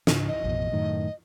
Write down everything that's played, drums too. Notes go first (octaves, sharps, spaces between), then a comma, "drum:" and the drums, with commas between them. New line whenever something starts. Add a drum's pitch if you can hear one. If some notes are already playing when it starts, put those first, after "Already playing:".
G#2 C#3 D4, drum: snare
D#5
A1 F2 B2
F#2 A2 D#3